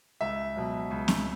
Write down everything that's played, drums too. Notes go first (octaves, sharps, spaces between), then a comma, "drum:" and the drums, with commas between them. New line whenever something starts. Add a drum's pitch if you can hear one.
C#2 E5
B2 F#3
C#2
drum: snare C4